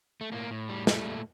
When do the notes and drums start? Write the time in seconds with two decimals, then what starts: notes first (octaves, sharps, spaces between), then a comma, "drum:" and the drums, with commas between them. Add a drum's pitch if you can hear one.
0.21 A3
0.32 A2 A#3
0.51 A2
0.69 G3
0.87 G3 A3, drum: snare
1.06 A#2